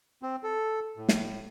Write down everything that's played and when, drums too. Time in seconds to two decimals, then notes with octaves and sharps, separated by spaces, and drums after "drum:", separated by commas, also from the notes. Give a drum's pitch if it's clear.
0.22 C4
0.43 A4
0.97 A2
1.09 drum: snare